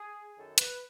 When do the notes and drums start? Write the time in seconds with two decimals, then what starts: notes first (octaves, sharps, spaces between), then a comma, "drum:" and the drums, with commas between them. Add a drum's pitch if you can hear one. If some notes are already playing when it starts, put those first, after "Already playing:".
Already playing: G#4
0.37 F#2 D#3 A4
0.58 B4, drum: hi-hat